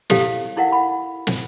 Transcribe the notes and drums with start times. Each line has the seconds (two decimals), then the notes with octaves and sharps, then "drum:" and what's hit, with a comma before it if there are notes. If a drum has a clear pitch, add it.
0.10 E4 G4 A4 C5 F5, drum: snare
0.57 D#4 E4 A#4 F5 F#5
0.72 F#5 B5
1.27 drum: snare